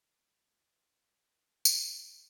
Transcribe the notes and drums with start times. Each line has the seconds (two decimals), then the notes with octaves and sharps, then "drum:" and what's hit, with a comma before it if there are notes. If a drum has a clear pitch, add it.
0.44 F4
0.58 B4
1.48 G5
1.65 D#5, drum: tambourine